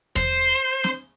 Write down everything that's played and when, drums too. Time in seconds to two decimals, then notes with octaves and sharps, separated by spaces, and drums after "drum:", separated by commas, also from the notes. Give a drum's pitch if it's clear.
0.16 C5, drum: kick E2
0.84 drum: snare